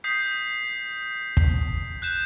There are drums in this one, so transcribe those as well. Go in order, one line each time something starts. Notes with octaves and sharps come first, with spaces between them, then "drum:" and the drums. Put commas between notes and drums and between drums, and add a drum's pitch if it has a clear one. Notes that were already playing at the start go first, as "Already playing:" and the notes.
D#6 G6 B6 C7
drum: kick
F#6 G6 E7